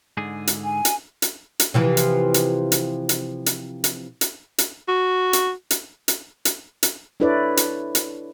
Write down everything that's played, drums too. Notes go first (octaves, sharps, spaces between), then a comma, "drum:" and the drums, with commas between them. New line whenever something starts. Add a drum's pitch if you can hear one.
G#2 D3 G#4
drum: hi-hat
G#5
drum: hi-hat
drum: hi-hat
drum: hi-hat
C3 E3 F3
drum: hi-hat
drum: hi-hat
drum: hi-hat
drum: hi-hat
drum: hi-hat
drum: hi-hat
drum: hi-hat
drum: hi-hat
F#4
drum: hi-hat
drum: hi-hat
drum: hi-hat
drum: hi-hat
drum: hi-hat
D4 E4 A4 B4 C#5 D5
drum: hi-hat
drum: hi-hat